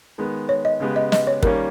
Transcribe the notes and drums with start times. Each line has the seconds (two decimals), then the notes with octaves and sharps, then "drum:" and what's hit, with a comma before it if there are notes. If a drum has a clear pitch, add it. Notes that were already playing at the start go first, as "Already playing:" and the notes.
0.18 D#3 G#3 B3
0.49 C#5
0.65 D#5
0.80 C#3 G#3 B3 G4
0.96 D#5
1.12 D#5, drum: snare
1.27 C#5
1.43 D#3 G3 A#3 C#4 A#4, drum: kick